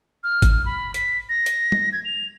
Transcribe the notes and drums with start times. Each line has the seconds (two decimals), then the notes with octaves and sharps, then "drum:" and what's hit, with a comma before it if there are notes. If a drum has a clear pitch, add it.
0.24 F6
0.42 drum: kick, hi-hat
0.66 B5
0.94 B6, drum: hi-hat
1.29 A#6
1.46 drum: hi-hat
1.72 drum: tom
1.93 G#6
2.05 F7